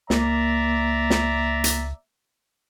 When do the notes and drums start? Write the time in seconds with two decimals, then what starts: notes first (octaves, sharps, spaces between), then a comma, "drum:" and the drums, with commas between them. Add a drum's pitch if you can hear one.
0.10 C#2 A#3 D5 E5 A#5, drum: snare
1.10 drum: snare
1.64 drum: hi-hat